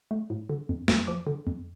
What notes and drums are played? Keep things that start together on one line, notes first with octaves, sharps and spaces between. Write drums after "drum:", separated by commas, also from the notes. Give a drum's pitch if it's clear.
A3
A2
D3
F2
F2, drum: snare
F3 D6
D3
F2